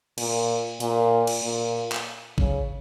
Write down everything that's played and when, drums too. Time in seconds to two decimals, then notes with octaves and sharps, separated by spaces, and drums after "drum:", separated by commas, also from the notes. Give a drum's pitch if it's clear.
0.18 A#2, drum: cymbal
0.80 A#2, drum: hi-hat
1.27 drum: cymbal
1.43 A#2
1.92 drum: clap
2.38 C#3, drum: kick G#1